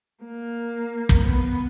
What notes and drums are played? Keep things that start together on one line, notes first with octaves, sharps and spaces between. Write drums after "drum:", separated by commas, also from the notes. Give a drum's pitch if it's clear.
A#3
drum: kick
B3